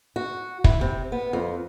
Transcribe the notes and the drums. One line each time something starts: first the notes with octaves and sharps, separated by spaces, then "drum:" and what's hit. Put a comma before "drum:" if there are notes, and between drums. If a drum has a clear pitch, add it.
F#4
E4, drum: kick
C3
B3
F2